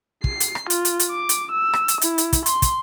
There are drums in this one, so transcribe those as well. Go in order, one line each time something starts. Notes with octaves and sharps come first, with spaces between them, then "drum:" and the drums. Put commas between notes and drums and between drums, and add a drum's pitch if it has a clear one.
C7, drum: kick
drum: hi-hat
drum: rim click
F4, drum: hi-hat
drum: hi-hat
drum: hi-hat
D6
drum: hi-hat
E6
drum: rim click
drum: hi-hat
E4, drum: hi-hat
drum: hi-hat
drum: kick, hi-hat
C6, drum: hi-hat
drum: kick, hi-hat